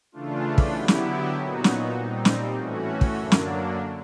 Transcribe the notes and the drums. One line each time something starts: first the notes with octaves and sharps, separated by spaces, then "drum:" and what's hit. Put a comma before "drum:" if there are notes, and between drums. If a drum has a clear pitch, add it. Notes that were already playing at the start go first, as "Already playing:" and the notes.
C#3 E3 A3 D4 F4
drum: kick
D3 F#3 B3 E4 G4
drum: snare
A#2 F#3 B3 D#4 F#4
drum: snare
A#2 G3 C4 D#4
drum: snare
A2 E3 A3 C#4 F#4
drum: kick
F#2 D3 F#3 A#3 D4
drum: snare